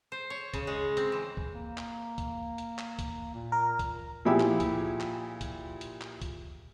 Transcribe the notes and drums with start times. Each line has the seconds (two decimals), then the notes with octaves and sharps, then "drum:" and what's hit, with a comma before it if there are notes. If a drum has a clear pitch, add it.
0.12 C5
0.30 C#5
0.54 C#3, drum: kick, hi-hat
0.67 G#3
0.97 C4, drum: hi-hat
1.12 E3
1.37 drum: kick
1.53 A#3
1.78 drum: clap
2.18 drum: kick, hi-hat
2.58 drum: hi-hat
2.78 drum: clap
2.99 drum: kick, hi-hat
3.34 A#2
3.52 A#4
3.79 drum: kick, hi-hat
4.25 A#2 F3 E4 G4 G#4
4.40 drum: clap
4.60 drum: kick, hi-hat
5.00 drum: clap
5.41 drum: kick, hi-hat
5.81 drum: hi-hat
6.01 drum: clap
6.22 drum: kick, hi-hat